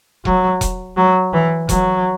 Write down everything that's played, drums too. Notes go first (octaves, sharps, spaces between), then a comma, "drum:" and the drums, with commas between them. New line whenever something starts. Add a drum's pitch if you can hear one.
F#3, drum: kick E1
drum: kick E1, hi-hat
F#3
E3
F#3, drum: kick E1, hi-hat